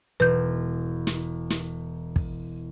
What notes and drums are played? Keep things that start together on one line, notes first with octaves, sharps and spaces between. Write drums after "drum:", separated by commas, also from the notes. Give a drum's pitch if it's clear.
E1 B4 G6
drum: snare
drum: snare
drum: kick